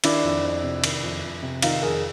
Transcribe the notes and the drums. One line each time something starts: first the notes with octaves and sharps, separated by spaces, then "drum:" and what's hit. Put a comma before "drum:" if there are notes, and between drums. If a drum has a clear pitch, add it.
D#3 D4 E4, drum: cymbal
F2
F2
C3
D#3, drum: cymbal
F2
F2
C3
D#3 D#4 F4, drum: cymbal
F2 G#4 A#4